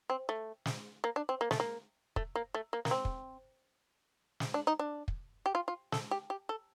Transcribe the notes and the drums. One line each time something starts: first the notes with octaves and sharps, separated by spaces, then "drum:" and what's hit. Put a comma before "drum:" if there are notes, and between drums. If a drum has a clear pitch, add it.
C4
A3
drum: snare
A#3
D4
C4
A#3
A3, drum: snare
A#3
A3, drum: kick
A#3
A3
A#3
A#3, drum: snare
C4
drum: kick
drum: snare
D4
D#4
D4
drum: kick
G4
F4
F4
A4, drum: snare
G4
G4
A4